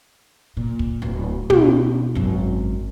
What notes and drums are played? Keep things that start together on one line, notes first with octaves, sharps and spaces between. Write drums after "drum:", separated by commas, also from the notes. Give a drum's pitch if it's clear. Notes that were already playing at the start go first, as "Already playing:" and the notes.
A#2
drum: kick
D1
B2, drum: tom
G#1 F#2